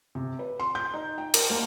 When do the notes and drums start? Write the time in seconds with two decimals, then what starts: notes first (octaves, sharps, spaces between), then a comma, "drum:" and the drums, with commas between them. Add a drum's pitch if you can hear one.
0.15 C3
0.39 B4
0.60 C6
0.75 G6
0.94 D#4
1.18 G5
1.34 A#4, drum: cymbal
1.50 A#3